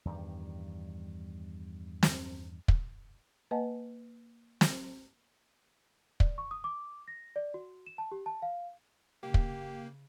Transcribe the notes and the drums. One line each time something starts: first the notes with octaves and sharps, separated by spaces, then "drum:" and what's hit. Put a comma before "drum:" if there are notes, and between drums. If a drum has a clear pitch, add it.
E2 G2 D#3 G3
drum: snare
drum: kick
A#3 B4 D#5 F#5 G#5 A5
drum: snare
D5, drum: kick
C#6
D#6
D6
A#6
D5
F#4
E7
A5
G4
A5
F5
C#3 A#3 G4
drum: kick